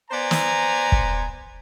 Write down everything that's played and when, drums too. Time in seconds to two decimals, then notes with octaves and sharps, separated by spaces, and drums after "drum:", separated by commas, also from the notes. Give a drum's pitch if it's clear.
0.11 B3 C5 D5 G#5 A#5
0.31 drum: snare
0.92 drum: kick